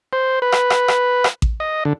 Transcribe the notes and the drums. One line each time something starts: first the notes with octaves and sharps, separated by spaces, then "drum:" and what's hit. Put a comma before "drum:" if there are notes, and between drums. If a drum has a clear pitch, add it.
C5
B4
drum: rim click
drum: rim click
drum: rim click
drum: rim click
drum: kick A1
D#5
D3